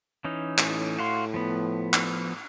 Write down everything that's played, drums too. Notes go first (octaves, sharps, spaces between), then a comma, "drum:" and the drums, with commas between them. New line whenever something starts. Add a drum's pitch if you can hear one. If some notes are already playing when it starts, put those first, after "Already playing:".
E3 C#4 D#4
A2, drum: clap
F#4 F5 C6
F3 B3
drum: clap